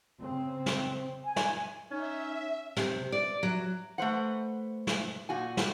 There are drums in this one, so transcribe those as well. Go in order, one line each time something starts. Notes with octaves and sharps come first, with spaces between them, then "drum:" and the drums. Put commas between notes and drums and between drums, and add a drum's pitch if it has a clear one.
C#3 C4
drum: snare
G#5
drum: snare
C#4 D#4 E5
C3, drum: snare
D5
F#3
A3 B4 C5 F#5
drum: snare
A#2 F#4 G#5
drum: snare